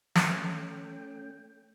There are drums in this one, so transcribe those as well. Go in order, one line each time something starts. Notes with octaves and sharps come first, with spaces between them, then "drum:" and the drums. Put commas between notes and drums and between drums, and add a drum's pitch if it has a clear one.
A3 C#4 G5, drum: snare